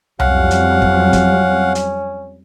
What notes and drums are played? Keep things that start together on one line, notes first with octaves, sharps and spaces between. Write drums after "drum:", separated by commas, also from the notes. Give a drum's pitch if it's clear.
F2 F#3 G3 C#4 F5 F#5, drum: tom C2
drum: hi-hat
drum: kick
drum: kick, hi-hat
drum: hi-hat